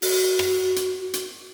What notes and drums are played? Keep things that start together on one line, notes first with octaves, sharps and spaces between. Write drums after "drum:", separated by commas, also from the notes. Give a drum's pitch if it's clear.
F#4, drum: open hi-hat
drum: rim click
drum: hi-hat
drum: hi-hat